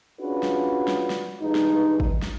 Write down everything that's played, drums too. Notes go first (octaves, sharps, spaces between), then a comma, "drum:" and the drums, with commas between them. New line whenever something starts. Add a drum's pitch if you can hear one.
C#4 D4 F4 F#4 G#4 B4
drum: snare
drum: snare
drum: snare
G2 E3 G#3 D#4
drum: snare
drum: kick G#1
drum: snare